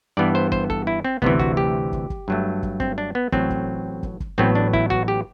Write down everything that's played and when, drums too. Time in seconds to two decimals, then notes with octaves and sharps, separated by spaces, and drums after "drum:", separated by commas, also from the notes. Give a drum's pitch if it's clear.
0.17 G2 E3 B3 D5
0.35 C5
0.52 C5, drum: kick
0.70 A4, drum: kick
0.87 E4
1.04 C4
1.22 D2 C3 E3 B3, drum: kick
1.39 F#4, drum: kick
1.57 G4
1.93 drum: kick
2.10 drum: kick
2.28 G2 F#3 A3
2.63 drum: kick
2.80 C4, drum: kick
2.98 D4
3.15 B3
3.32 A1 A2 F#3 C4, drum: kick
3.50 drum: kick
4.03 drum: kick
4.20 drum: kick
4.38 A1 A2 F#3 B3 C4
4.55 D4
4.73 E4, drum: kick
4.90 F#4, drum: kick
5.08 G4